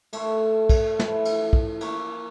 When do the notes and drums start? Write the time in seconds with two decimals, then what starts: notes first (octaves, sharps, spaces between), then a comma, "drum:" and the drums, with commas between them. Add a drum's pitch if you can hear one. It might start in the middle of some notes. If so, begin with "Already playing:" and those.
0.13 A3 A4 C6, drum: cymbal
0.69 drum: kick, cymbal
0.99 A2 E3 F3, drum: snare
1.25 drum: cymbal
1.53 drum: kick
1.81 A#3 C#6, drum: cymbal